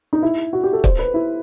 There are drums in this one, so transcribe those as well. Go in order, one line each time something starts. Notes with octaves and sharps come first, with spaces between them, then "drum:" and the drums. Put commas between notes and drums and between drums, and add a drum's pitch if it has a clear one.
D#4
E4
F#4
G4
A4
C5, drum: kick
B4
E4